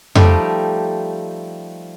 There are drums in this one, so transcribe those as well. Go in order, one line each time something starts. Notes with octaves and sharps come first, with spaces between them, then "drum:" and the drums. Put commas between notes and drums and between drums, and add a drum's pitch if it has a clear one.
F3 G3 A3 D#4 G4, drum: tom F2